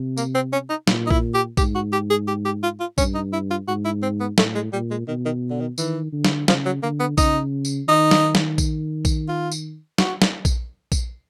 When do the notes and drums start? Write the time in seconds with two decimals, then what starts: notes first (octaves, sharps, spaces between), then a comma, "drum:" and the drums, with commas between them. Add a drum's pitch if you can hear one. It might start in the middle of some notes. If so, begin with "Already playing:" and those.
Already playing: C3
0.17 A#3, drum: tambourine
0.35 C4
0.52 C#4
0.70 D#4
0.87 A#2, drum: snare
1.06 D#4
1.11 E4, drum: kick A#1
1.34 G4
1.57 G#2 G4, drum: kick A#1, tambourine
1.75 F#4
1.92 G4
2.10 G#4
2.27 G4
2.45 G4
2.63 F4
2.80 F4
2.98 G2 C#4, drum: kick A#1, tambourine
3.15 D#4
3.33 E4
3.50 F4
3.68 G#2 F#4
3.85 E4
4.02 C4
4.20 B3
4.38 A2 A3, drum: snare
4.55 G#3
4.73 A#2 G3
4.91 G#3
5.07 B2 D#3
5.25 D#3
5.50 D3
5.60 D#3
5.78 D#3 E3, drum: tambourine
6.12 D3
6.25 drum: snare
6.48 C#3 F3, drum: snare
6.66 F#3
6.83 D3 A#3
7.00 B3
7.18 C#3 D#4, drum: kick A#1, tambourine
7.65 drum: tambourine
7.88 D#3 D#4
8.11 drum: snare
8.35 drum: snare
8.58 drum: kick A#1, tambourine
9.05 drum: kick A#1, tambourine
9.28 F4
9.52 drum: tambourine
9.98 F#4, drum: snare
10.22 drum: snare
10.45 drum: kick A#1, tambourine
10.92 drum: kick A#1, tambourine